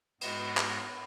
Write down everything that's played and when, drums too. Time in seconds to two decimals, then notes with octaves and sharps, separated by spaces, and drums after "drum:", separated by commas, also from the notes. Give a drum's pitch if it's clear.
0.21 G#2 G#3 B3 F#4 D#5, drum: cymbal
0.57 drum: clap